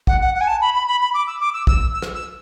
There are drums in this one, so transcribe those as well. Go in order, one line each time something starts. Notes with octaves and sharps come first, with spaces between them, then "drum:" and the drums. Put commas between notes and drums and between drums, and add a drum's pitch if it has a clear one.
F#5, drum: kick
F#5
F#5
G#5
A5
B5
B5
B5
B5
D6
E6
D6
E6
E6, drum: kick
E6
drum: rim click
E6